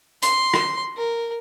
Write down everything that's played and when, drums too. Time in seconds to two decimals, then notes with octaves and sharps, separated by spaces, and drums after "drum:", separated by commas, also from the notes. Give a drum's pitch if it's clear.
0.22 C6, drum: hi-hat
0.54 drum: rim click
0.97 A#4